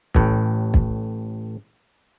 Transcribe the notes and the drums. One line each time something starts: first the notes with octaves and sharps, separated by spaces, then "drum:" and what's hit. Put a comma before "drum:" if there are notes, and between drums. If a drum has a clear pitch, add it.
A1 A2, drum: kick
drum: kick